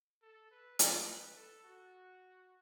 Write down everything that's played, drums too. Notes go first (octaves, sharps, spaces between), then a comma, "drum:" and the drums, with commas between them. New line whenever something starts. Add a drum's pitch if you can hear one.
A4
B4
A4, drum: hi-hat
B4
A4
F#4